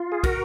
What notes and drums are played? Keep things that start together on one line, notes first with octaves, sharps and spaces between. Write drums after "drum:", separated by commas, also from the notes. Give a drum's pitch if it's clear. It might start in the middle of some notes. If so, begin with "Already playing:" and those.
Already playing: F4
G#4
F#4 A#4, drum: kick, cymbal